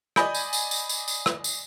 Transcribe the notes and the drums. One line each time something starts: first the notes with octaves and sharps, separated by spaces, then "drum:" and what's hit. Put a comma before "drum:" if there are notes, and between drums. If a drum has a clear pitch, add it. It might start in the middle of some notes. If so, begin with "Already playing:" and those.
D5 D#5 G#5 B5 G6, drum: rim click
drum: tambourine
drum: tambourine
drum: tambourine
drum: tambourine
drum: tambourine
drum: rim click
drum: tambourine